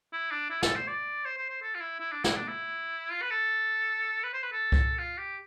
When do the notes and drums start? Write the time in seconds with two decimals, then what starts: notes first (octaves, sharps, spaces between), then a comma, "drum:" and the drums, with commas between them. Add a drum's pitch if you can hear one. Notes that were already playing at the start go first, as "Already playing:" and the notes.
0.13 E4
0.31 D4
0.50 E4
0.63 A4, drum: snare
0.75 C5
0.88 D5
1.25 C5
1.37 C5
1.50 C5
1.62 A4
1.75 F4
1.81 E4
2.00 E4
2.12 D4
2.24 E4, drum: snare
2.36 D4
2.48 E4
3.11 F4
3.22 B4
3.30 A4
4.23 B4
4.33 C5
4.42 B4
4.52 A4
4.72 drum: kick C2
4.99 F4
5.17 G4